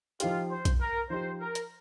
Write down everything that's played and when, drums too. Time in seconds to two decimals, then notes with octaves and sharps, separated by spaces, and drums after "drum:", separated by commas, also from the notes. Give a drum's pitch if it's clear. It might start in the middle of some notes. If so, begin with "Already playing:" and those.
0.20 F3 D#4 F4 G4, drum: hi-hat
0.50 C5
0.65 drum: kick B1, hi-hat
0.80 A#4
1.10 F3 D#4 G4 C5
1.41 A#4
1.55 drum: hi-hat